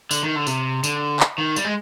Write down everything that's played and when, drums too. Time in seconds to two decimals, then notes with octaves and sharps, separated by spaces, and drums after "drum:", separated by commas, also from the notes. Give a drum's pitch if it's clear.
0.11 D3, drum: tambourine
0.23 D#3
0.35 D3
0.47 C3, drum: tambourine
0.84 D3, drum: tambourine
1.20 drum: clap
1.38 D#3
1.56 G3, drum: tambourine
1.64 G#3